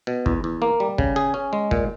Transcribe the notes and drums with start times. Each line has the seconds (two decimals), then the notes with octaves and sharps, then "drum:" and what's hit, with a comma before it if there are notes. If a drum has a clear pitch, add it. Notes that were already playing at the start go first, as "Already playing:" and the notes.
0.07 B2
0.26 E2, drum: kick
0.44 E2
0.62 A#3
0.80 G3
0.98 C#3, drum: kick
1.16 G#4
1.34 C#4
1.53 G#3
1.71 A#2, drum: kick